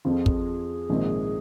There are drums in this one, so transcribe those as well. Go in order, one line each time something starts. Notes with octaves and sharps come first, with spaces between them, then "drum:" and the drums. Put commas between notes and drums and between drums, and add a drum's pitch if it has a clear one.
F2 F3 C4 F4 G#4
drum: kick
A#1 G#2 D#3 C4